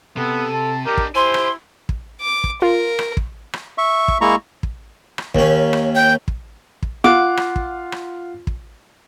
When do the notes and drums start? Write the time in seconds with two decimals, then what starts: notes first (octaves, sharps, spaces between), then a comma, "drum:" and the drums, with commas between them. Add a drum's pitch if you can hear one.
0.17 C3 B3 A4
0.53 A5
0.86 D4 D#4 G4 A#4
0.97 drum: kick
1.15 E4 G4 C5 G#5 C6
1.34 drum: rim click
1.89 drum: kick
2.21 D6
2.44 drum: kick
2.62 F4 A#4
2.99 drum: rim click
3.17 drum: kick
3.53 drum: rim click
3.78 E5 C#6
4.08 drum: kick
4.21 G#3 A#3 E4 A#5 C#6
4.63 drum: kick
5.18 drum: rim click
5.35 D#2 C#4, drum: kick
5.73 drum: rim click
5.95 G5
6.28 drum: kick
6.83 drum: kick
7.04 F4 F#5 D6 F#6
7.37 drum: rim click
7.56 drum: kick
7.92 drum: rim click
8.47 drum: kick